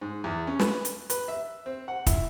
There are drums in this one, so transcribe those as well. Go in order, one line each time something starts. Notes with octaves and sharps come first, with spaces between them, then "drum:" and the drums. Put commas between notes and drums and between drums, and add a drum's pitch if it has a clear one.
G#2
E2
C#4
B4, drum: snare
drum: hi-hat
B4, drum: hi-hat
E5
C4
F#5
E4, drum: kick, hi-hat